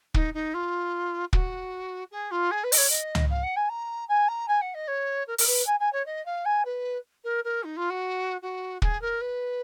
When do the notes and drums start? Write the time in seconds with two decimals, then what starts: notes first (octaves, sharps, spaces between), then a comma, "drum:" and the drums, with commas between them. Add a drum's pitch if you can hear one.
0.14 D#4, drum: kick
0.34 D#4
0.54 F4
1.33 F#4, drum: kick
2.11 G#4
2.31 F4
2.51 G#4
2.64 B4
2.72 D#5, drum: open hi-hat
2.77 C#5
2.90 D#5
3.15 drum: tom
3.30 F5
3.43 F#5
3.56 G#5
3.69 A#5
4.08 G#5
4.28 A#5
4.48 G#5
4.61 F#5
4.74 D#5
4.88 C#5
5.27 A#4
5.38 A#4, drum: open hi-hat
5.47 B4
5.66 G#5
5.80 G#5
5.93 C#5
6.06 D#5
6.25 F5
6.45 G#5
6.65 B4
7.24 A#4
7.44 A#4
7.63 D#4
7.76 F4
7.90 F#4
8.42 F#4
8.82 G#4, drum: kick
9.01 A#4
9.21 B4